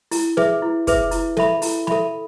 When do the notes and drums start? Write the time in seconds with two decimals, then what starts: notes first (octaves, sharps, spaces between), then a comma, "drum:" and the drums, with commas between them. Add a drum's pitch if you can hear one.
0.11 E4, drum: open hi-hat
0.37 G#4 B4 E5, drum: snare
0.62 E4
0.87 G#4 B4 E5, drum: kick, hi-hat
1.11 E4, drum: hi-hat
1.37 A4 E5 B5, drum: snare
1.62 E4, drum: open hi-hat
1.87 A4 E5 B5, drum: snare